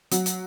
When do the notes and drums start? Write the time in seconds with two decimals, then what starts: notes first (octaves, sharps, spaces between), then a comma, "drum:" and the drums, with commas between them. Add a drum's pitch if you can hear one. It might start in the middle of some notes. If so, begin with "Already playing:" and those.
0.11 F#3, drum: hi-hat
0.26 drum: hi-hat